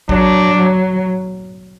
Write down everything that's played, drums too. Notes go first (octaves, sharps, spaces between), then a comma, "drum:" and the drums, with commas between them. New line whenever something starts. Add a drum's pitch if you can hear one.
F#3 D4, drum: kick A1
F#3